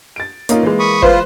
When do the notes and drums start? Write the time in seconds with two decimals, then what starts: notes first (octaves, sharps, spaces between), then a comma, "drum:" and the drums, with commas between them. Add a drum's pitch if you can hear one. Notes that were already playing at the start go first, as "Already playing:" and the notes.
0.16 A6 D7
0.49 A#3 C#4 D#4 F4, drum: hi-hat
0.63 E3 G#3
0.79 B5 C#6 D#6
1.02 F4 B4 C5, drum: kick